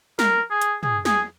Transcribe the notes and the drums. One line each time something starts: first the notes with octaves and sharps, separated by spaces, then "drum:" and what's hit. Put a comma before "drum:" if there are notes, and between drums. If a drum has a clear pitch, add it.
A#4, drum: snare
G#4
drum: hi-hat
G#4, drum: tom
G#4, drum: snare